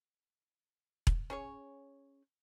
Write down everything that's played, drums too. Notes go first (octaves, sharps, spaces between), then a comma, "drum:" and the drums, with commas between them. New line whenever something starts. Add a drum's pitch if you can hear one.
drum: kick E1
C#4 G#4 C#5